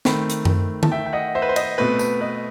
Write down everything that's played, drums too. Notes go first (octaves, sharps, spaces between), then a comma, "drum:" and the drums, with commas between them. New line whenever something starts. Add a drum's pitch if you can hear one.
D#3 A3 C4 G5 B5, drum: snare
drum: hi-hat
drum: tom F#2
A5, drum: tom D3
E5 G5
G5
D#5 F#5
C5 E5
B4
C5
B4 D#5, drum: cymbal
B2 A3 C4 B4
B4, drum: tambourine
B4 D#5